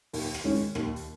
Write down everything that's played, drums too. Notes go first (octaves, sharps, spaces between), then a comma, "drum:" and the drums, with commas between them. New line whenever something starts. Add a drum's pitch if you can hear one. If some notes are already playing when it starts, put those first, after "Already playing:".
D#2, drum: open hi-hat
drum: rim click
D#3 G#3 C#4
drum: hi-hat
D#2, drum: rim click
drum: hi-hat